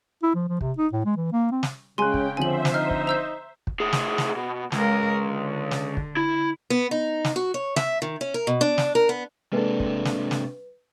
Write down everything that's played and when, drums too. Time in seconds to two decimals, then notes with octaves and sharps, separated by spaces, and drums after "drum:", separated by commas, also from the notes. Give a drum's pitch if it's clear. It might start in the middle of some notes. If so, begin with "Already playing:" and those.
0.23 E4
0.35 F3
0.48 F3
0.61 C3, drum: kick
0.78 D#4
0.93 A2
1.05 G#3
1.17 E3
1.32 A#3
1.52 C4
1.63 drum: snare
1.98 C#3 G#3 C#4 G#4 G5 G#5 C6 F#6
2.14 drum: kick
2.37 D3 F3 C4 C5 E5 G#5 F#7
2.65 drum: snare
2.74 D#4 F6
2.90 drum: kick
3.07 A#5 E6 G6
3.67 drum: kick
3.80 A2 G#4
3.93 drum: snare
4.18 drum: snare
4.36 B2
4.72 C#2 G#3 A#4, drum: snare
5.23 D3
5.71 drum: snare
5.97 drum: kick
6.17 E4
6.70 B3
6.91 D#4
7.24 drum: snare
7.36 F#4
7.54 C#5
7.76 E5, drum: snare
8.02 D#3
8.21 C#4
8.34 A#4
8.47 B2
8.61 D4
8.78 drum: snare
8.95 A#4
9.09 B3
9.53 C3 G#3 A#3 D4 A4 B4
9.80 drum: kick
10.05 drum: snare
10.31 drum: snare